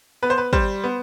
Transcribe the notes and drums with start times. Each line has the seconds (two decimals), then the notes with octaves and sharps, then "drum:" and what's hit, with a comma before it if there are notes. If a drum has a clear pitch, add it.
0.23 B3 B4
0.30 C5
0.38 B4
0.53 G3 C5, drum: kick
0.84 B3